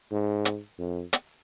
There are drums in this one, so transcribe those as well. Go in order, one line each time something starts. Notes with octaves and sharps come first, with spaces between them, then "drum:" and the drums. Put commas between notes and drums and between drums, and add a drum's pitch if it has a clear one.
G#2
drum: hi-hat
F2
drum: hi-hat